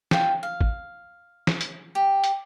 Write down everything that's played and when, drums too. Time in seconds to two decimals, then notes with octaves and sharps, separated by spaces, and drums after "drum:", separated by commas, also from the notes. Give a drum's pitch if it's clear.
0.11 F4 G5, drum: snare
0.43 F5
0.61 drum: kick A1
1.47 drum: snare
1.61 drum: hi-hat
1.95 G4
2.24 drum: hi-hat